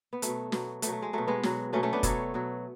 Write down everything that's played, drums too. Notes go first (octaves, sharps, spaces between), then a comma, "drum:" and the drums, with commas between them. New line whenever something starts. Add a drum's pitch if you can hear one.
B3
B2 F#3 A3, drum: hi-hat
B2 F#3, drum: snare
B2 F#3 A3, drum: hi-hat
A3
G#3
B2 F#3 A3
G#3 B3
B2 F#3, drum: snare
B2 F#3 A3 C#4
A3 C#4
B3 D4
B2 F#3 A4 C#5, drum: kick, hi-hat
B2 F#3